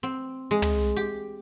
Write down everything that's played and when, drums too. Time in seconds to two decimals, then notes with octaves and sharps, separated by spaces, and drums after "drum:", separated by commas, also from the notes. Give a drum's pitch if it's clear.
0.03 C4
0.51 G#3
0.62 drum: tom
0.96 G4